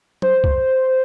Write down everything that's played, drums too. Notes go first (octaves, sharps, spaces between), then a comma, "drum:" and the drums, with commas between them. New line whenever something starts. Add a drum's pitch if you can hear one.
C5, drum: tom F#3
drum: kick C2